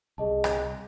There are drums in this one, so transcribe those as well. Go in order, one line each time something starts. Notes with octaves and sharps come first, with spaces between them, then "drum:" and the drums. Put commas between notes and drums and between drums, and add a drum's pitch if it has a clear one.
C2 G#4 D#5 A5
drum: rim click